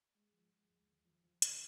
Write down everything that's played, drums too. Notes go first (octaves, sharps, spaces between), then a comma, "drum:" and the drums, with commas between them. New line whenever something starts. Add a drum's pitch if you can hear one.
G#3
F3
G#3
D#2
D#2
F3
F3
D3, drum: hi-hat